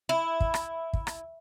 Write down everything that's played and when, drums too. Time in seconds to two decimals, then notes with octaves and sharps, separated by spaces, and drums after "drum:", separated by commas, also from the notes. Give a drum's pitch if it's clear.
0.09 E4
0.40 drum: kick
0.54 drum: rim click
0.93 drum: kick
1.07 drum: rim click